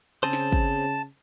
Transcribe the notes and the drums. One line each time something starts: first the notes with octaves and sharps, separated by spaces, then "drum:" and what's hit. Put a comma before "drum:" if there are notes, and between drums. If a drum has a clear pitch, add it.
C#3 C4 G#4 C5 A5
drum: snare
drum: kick